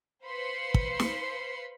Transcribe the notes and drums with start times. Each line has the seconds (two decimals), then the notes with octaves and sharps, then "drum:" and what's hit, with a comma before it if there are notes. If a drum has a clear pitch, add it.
0.24 B4 C5 F5 B5 C6 C#7
0.74 drum: kick
1.00 drum: snare